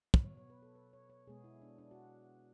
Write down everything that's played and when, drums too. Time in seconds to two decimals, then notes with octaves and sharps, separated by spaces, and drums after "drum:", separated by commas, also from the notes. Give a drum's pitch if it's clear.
0.14 drum: kick
0.24 B2 F#3 B3 C#5
0.37 C#5
0.50 B4
0.62 A4
0.75 B4
0.93 C#5
1.10 C#5
1.27 B2 G#3 B3 G#4
1.44 E4
1.62 D4
1.78 D4
1.91 F#4